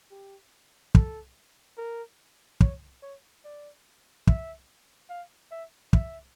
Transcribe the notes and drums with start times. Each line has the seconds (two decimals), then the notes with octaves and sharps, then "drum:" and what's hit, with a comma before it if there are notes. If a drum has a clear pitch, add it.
0.11 G4
0.95 A4, drum: kick
1.77 A#4
2.61 C#5, drum: kick
3.02 C#5
3.44 D5
4.27 E5, drum: kick
5.10 F5
5.51 E5
5.93 E5, drum: kick